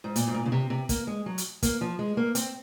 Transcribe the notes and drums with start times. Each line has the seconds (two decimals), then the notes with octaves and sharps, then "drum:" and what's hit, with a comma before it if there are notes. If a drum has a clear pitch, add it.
0.04 G#2
0.16 A#2, drum: hi-hat
0.28 G#2
0.34 A#2
0.46 C#3
0.52 C3
0.70 C3
0.89 A#3, drum: kick, hi-hat
1.07 G#3
1.26 F#3
1.38 drum: hi-hat
1.63 A#3, drum: kick, hi-hat
1.81 F3
1.99 G#3
2.17 A#3
2.35 C4, drum: hi-hat